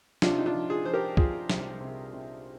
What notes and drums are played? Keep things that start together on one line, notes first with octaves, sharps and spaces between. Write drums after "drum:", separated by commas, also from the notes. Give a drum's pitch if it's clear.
C3 D4 F4, drum: snare
D#4
D4 F4
F3
F4 G#4
F3 C5
G4 A#4
F3 F4 G#4, drum: kick
C2, drum: snare
C3
C3